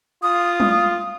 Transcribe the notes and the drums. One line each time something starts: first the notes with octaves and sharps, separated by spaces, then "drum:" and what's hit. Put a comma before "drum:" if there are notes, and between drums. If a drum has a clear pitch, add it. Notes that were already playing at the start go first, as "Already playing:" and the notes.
F4 D#6
drum: tom F#3